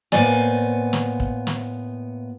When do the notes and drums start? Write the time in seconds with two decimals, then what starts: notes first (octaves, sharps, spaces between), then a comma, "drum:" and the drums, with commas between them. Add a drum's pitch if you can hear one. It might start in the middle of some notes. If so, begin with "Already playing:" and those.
0.12 A2 A#3 B3 C5 D5 G#5, drum: snare
0.93 drum: snare
1.20 drum: kick
1.47 drum: snare